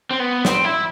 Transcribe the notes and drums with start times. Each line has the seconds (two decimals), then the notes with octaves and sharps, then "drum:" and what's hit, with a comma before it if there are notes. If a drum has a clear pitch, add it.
0.11 C4
0.20 B3
0.45 C4, drum: snare
0.65 E4